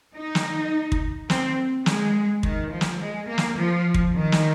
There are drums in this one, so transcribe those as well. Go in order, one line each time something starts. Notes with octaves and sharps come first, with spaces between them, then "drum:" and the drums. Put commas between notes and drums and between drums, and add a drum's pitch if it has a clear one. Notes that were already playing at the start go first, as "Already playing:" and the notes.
D#4
drum: snare
drum: kick
C4, drum: snare
G#3, drum: snare
D#3, drum: kick
F3
drum: snare
G#3
A#3
drum: snare
F3
drum: kick
D#3
drum: snare